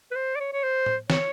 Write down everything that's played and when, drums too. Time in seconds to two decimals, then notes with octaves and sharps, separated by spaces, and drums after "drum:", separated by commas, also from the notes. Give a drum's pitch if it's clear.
0.11 B4
0.15 C5
0.35 D5
0.40 C#5
0.52 C#5
0.63 C5
0.86 drum: tom A2
1.10 C#5, drum: snare